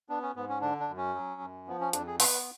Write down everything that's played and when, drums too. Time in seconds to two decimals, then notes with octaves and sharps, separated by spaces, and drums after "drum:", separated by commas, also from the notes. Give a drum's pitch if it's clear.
0.09 B3 D4
0.22 C#4
0.36 G#2 B3
0.49 C#4
0.61 D3 D4
0.80 D4
0.88 F#2
0.97 C#4
1.15 F#3
1.41 F#2
1.67 F3 B3
1.80 C#4
1.93 F2 D4, drum: hi-hat
2.07 G#4
2.20 B3 B4, drum: open hi-hat